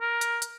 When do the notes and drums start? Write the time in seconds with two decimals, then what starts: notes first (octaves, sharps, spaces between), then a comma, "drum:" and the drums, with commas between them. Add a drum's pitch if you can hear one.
0.01 A#4
0.21 drum: hi-hat
0.42 drum: hi-hat